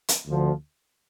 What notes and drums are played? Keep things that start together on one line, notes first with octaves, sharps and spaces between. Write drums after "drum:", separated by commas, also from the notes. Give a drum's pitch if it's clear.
drum: hi-hat
D2 D3 F3